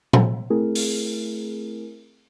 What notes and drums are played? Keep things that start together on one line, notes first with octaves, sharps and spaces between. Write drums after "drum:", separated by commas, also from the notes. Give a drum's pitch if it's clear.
drum: tom A#2
A3 C4 E4 G#4 A#4
drum: open hi-hat